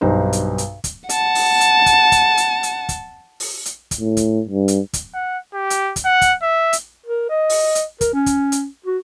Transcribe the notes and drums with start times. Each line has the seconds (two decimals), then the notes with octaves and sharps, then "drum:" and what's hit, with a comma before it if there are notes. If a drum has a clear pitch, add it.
0.01 B1 G2 D#4 C5
0.33 drum: hi-hat
0.58 drum: hi-hat
0.84 drum: kick, hi-hat
1.09 F#5 A5, drum: hi-hat
1.35 drum: open hi-hat
1.61 drum: hi-hat
1.86 drum: kick, hi-hat
2.12 drum: kick, hi-hat
2.37 drum: hi-hat
2.63 drum: hi-hat
2.89 drum: kick, hi-hat
3.40 drum: open hi-hat
3.65 drum: hi-hat
3.91 drum: kick, hi-hat
4.00 A2
4.17 drum: kick, hi-hat
4.49 G2
4.68 drum: hi-hat
4.93 drum: kick, hi-hat
5.14 F#5
5.54 G4
5.70 drum: hi-hat
5.96 drum: kick, hi-hat
6.05 F#5
6.21 drum: kick, hi-hat
6.42 E5
6.73 drum: hi-hat
7.06 A#4
7.29 D#5
7.49 drum: open hi-hat
7.75 drum: hi-hat
8.01 A#4, drum: kick, hi-hat
8.13 C#4
8.26 drum: kick, hi-hat
8.52 drum: hi-hat
8.86 F#4